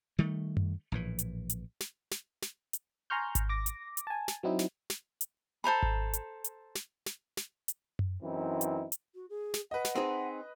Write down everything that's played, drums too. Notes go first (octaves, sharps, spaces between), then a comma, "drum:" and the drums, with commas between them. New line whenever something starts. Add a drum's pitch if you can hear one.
D#3 G3 A3
drum: tom F#2
A#1 A2 E3
drum: hi-hat
drum: hi-hat
drum: snare
drum: snare
drum: snare
drum: hi-hat
G#5 A#5 C6 C#6 F6 G6
drum: kick G#1, hi-hat
D6 A#6
drum: hi-hat
drum: hi-hat
G#5 A5
drum: snare
F#3 C4 D#4 E4
drum: snare
drum: snare
drum: hi-hat
A4 C5 A#5 B5
drum: kick G#1
drum: hi-hat
drum: hi-hat
drum: snare
drum: snare
drum: snare
drum: hi-hat
drum: tom F#2
F#2 E3 C4 D#4 E4
drum: hi-hat
drum: hi-hat
F#4
G#4
drum: snare
B4 D#5 F#5
drum: snare
C4 D#4 G#4